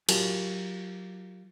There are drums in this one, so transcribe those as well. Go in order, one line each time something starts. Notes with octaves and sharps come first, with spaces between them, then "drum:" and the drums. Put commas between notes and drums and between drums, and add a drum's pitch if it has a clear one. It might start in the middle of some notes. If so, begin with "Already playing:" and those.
F#3 F4 G4 A#4 G#5 A5, drum: cymbal